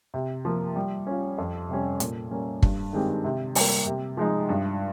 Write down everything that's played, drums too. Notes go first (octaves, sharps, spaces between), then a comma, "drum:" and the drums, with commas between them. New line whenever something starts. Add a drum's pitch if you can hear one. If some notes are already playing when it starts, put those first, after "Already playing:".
C3
F3 A#3
G3
C#4 F4
F2
C3 G3 C#4
A#2, drum: hi-hat
G3 A#3 C#4
G2, drum: kick
D#3 G#3 C4 G4
C3
G3 A#3, drum: open hi-hat
C3
F3 G#3 D#4
G2